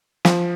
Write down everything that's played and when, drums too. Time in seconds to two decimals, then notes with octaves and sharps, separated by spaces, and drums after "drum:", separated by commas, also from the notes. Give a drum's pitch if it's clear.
0.25 F3, drum: snare